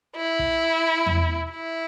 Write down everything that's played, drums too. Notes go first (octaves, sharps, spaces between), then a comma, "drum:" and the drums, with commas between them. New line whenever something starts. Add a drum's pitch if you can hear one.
E4
drum: kick
drum: tom E2
E4